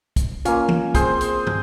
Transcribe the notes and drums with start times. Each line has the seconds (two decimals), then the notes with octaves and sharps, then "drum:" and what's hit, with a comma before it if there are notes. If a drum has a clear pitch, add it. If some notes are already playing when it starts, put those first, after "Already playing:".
0.16 drum: kick, hi-hat
0.45 A#3 C#4 F4, drum: hi-hat
0.68 drum: tom E3
0.95 C4 G#4 C5, drum: kick, hi-hat
1.21 drum: hi-hat
1.47 drum: tom